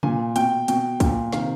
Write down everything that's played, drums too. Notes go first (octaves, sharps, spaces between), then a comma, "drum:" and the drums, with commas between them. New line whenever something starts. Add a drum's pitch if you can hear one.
A#2 G#5, drum: tom C3
B2 G5, drum: hi-hat
B2 G5, drum: hi-hat
A#2, drum: kick, hi-hat
C3 D#3 F5, drum: snare